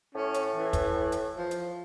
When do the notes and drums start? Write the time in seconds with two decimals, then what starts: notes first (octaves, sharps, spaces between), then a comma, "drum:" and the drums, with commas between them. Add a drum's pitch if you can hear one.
0.15 A2 C#4
0.34 drum: hi-hat
0.56 E3
0.73 drum: kick, hi-hat
1.12 drum: hi-hat
1.37 F3
1.51 drum: hi-hat